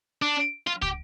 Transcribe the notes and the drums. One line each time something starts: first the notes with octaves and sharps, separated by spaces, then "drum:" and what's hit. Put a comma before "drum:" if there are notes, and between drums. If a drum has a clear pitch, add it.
D4
F4
G4, drum: kick